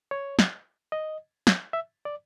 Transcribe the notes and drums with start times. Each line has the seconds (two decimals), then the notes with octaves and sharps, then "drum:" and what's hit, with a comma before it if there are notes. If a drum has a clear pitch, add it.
0.11 C#5
0.39 drum: snare
0.92 D#5
1.47 drum: snare
1.73 E5
2.05 D5